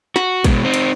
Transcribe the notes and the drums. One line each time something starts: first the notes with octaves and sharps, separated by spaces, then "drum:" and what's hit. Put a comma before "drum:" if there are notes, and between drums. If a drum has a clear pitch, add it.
F#4, drum: snare
B2 G#3, drum: kick, cymbal
C4 D#4
drum: cymbal